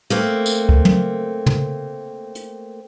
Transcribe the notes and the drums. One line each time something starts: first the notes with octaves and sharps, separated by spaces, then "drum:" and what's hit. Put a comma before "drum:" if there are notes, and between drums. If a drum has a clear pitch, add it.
A3 A#3 C4
drum: tambourine
drum: kick
drum: tom
drum: tom
drum: hi-hat